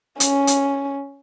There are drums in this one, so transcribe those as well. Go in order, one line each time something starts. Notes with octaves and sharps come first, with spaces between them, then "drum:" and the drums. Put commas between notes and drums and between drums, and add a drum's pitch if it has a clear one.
C#4, drum: hi-hat
drum: hi-hat